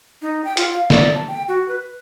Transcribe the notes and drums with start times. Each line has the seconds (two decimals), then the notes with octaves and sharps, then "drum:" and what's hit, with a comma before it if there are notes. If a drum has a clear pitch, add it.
0.22 D#4
0.45 G5
0.57 F4, drum: hi-hat
0.72 F5
0.90 D5, drum: snare
1.15 A5
1.28 G5
1.48 F#4
1.68 B4